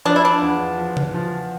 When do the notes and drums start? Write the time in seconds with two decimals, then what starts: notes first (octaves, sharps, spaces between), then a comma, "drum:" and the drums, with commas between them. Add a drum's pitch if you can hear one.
0.05 F3 D4
0.16 E4
0.25 D4
0.41 E2
0.78 F3
0.97 drum: tom C#3
1.14 F3